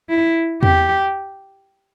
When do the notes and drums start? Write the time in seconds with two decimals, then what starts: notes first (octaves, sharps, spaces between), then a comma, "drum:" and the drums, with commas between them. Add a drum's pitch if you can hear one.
0.10 E4
0.63 G4, drum: tom E2